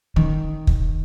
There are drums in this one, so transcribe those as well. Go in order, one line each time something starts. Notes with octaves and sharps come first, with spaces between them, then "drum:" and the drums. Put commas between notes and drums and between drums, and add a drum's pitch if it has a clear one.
D#3
drum: kick